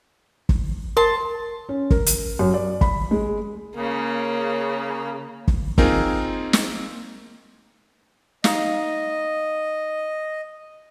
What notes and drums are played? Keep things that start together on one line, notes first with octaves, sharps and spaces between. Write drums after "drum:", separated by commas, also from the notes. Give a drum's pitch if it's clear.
drum: kick
A#4 A5 C6
C#4
A#4, drum: kick
drum: hi-hat
F#2
D5
B5, drum: kick
G#3
C#3 A#3
drum: kick
A#3 C4 D#4 F4 G#4 A#4, drum: kick
drum: snare
D#4 D#5 F5, drum: snare